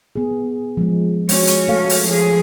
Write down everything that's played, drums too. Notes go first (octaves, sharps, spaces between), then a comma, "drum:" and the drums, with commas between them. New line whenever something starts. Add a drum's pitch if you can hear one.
B3 G#4
F3 G#3
G#3 C#4 F#4, drum: open hi-hat
drum: hi-hat
A3 A4 F5
drum: open hi-hat
F3 G#4